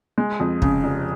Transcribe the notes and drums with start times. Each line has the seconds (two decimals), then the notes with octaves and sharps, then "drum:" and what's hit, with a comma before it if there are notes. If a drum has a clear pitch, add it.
0.18 G#3
0.40 F2
0.62 C#3, drum: kick
0.84 F1